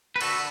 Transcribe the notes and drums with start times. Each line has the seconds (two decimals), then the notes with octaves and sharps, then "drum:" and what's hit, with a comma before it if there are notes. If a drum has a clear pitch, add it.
0.16 B4
0.21 D3 F#4 A4, drum: cymbal